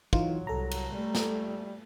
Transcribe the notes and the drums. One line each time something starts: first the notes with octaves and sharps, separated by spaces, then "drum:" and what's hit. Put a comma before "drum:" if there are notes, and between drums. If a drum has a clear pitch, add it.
E3 F#3 D#4 F4, drum: kick
C2 A4 A#5
drum: cymbal
G3 A3
drum: snare